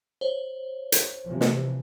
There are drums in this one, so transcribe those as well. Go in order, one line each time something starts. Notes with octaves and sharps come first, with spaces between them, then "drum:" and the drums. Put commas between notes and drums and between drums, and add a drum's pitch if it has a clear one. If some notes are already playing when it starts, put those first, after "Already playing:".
C5 C#5
drum: hi-hat
C3 E3 F3
drum: snare